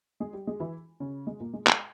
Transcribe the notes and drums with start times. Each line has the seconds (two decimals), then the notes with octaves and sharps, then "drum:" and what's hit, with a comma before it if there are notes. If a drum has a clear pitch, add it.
0.20 G#3 G#4
0.33 G3 G4
0.47 G#3 G#4
0.60 E3 E4
1.00 C#3 C#4
1.27 G#3
1.40 A#2 A#3
1.53 G#3
1.67 G#3, drum: clap